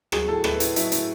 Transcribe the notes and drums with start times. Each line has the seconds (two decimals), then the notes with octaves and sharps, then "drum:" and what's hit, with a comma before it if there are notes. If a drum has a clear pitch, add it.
0.12 F#3 G#4, drum: rim click
0.28 A2 A4
0.44 A3 B4, drum: rim click
0.60 A2, drum: hi-hat
0.76 F#3 E4, drum: hi-hat
0.92 A2, drum: hi-hat